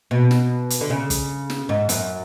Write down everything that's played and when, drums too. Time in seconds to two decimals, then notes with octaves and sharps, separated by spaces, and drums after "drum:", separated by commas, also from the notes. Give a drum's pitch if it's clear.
0.11 B2
0.31 drum: snare
0.70 drum: hi-hat
0.81 D3
0.90 C#3
1.10 drum: kick, hi-hat
1.50 drum: snare
1.69 G#2
1.89 F#2, drum: hi-hat